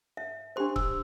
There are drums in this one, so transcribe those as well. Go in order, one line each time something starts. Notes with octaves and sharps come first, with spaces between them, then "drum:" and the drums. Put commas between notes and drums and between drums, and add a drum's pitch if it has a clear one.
E5
D4 G4 C5 C6
E6, drum: kick C#1